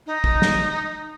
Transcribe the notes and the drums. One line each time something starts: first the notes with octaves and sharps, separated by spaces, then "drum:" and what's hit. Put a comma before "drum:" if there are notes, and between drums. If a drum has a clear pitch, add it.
D#4
drum: kick
drum: snare